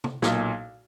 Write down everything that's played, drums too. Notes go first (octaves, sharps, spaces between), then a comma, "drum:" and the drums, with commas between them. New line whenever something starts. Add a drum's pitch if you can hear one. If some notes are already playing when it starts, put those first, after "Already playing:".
drum: tom
B1 A#2, drum: snare